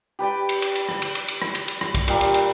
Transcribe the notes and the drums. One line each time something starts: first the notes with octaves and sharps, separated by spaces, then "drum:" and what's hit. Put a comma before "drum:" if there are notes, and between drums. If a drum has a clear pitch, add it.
G4 B4 D5 G5
drum: cymbal
drum: cymbal
drum: cymbal
drum: rim click
drum: cymbal
drum: cymbal
drum: cymbal
drum: rim click
drum: cymbal
drum: cymbal
drum: rim click
drum: kick, cymbal
A#2 G3 A#5, drum: cymbal
drum: cymbal
drum: cymbal